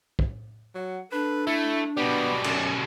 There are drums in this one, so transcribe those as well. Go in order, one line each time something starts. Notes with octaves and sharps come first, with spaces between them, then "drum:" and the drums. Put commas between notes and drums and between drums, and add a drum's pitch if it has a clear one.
drum: kick
F#3 F#5
D4 A4 B4
A3 E4
B2 G3 B3 D5
F#2 C#4, drum: cymbal